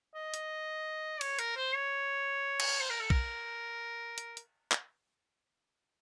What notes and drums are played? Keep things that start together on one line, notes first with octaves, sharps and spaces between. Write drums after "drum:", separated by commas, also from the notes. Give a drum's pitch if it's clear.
D#5
drum: hi-hat
C#5, drum: cymbal
A#4, drum: hi-hat
C5
C#5
drum: cymbal
C5
A#4
A4
A#4, drum: kick B1
drum: hi-hat
drum: hi-hat
drum: clap